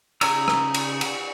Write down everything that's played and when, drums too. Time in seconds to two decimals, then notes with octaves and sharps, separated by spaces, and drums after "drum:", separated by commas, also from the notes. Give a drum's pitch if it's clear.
0.21 C#3 D#4 C#5 A#5 E6, drum: cymbal
0.48 drum: rim click
0.74 drum: cymbal
1.01 drum: cymbal